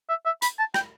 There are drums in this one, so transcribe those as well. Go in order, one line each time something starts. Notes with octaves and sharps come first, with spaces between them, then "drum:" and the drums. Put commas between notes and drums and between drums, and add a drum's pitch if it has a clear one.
E5
E5
B5, drum: hi-hat
A5
G5, drum: rim click